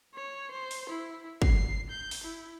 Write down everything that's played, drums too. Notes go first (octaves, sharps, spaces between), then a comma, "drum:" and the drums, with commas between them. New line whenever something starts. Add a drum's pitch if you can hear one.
C#5
C5
drum: open hi-hat
E4
C7, drum: kick
G6
drum: open hi-hat
E4